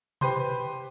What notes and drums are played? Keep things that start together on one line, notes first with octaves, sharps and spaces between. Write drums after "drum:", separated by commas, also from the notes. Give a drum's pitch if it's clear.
G4 B4 C5 C6, drum: tom B2